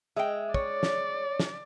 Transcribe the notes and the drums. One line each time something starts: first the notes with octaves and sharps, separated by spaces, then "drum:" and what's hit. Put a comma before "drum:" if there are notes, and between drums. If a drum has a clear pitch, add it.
G#3 E5 G5
C#5 D5, drum: kick
drum: snare
drum: snare